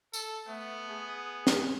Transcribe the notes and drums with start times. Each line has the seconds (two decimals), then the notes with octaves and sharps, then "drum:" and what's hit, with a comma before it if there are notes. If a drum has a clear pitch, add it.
0.13 A4, drum: tambourine
0.48 A3 B3
0.89 G#4
1.47 drum: snare